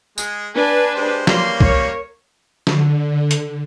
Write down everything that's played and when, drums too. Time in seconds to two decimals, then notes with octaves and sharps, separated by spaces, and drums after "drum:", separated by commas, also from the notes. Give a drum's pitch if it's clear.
0.18 G#3 G#4, drum: tambourine
0.55 D4 B4 G#5
0.95 G#3 G4 C5
1.27 G3 A#3 C#4 C6, drum: snare
1.60 A#4 C#5, drum: kick C2
2.67 D3, drum: snare
3.31 drum: hi-hat